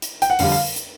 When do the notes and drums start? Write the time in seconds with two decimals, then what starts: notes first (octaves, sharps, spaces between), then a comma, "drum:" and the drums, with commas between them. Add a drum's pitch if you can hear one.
0.02 drum: hi-hat
0.22 G5, drum: hi-hat
0.30 F#5
0.39 F2 D3 G3 F5, drum: open hi-hat
0.52 F5
0.76 drum: hi-hat